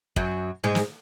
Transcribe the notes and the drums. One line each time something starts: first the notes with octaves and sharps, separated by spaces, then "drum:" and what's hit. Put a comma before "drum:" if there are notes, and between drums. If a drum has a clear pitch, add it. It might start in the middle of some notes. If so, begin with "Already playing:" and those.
F#2 F#3, drum: kick
G#2 G#3
drum: snare